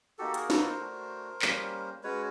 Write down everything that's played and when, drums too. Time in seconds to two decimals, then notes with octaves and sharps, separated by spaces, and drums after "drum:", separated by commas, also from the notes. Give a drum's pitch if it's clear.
0.19 A#3 D#4 F#4 G4 A4
0.34 G#4 A#4, drum: hi-hat
0.50 A4 B4, drum: snare
0.65 A#4 C5
0.80 A3 D4 F#4
1.42 G3 A#3 C#4, drum: clap
2.03 G#3 C#4 F#4 B4 C#5